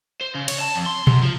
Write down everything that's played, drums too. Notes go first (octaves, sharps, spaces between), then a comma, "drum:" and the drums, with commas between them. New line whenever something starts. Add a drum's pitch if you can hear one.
C5
C#3
C#5, drum: cymbal
A5
F2
C6
F#2, drum: tom B2
F3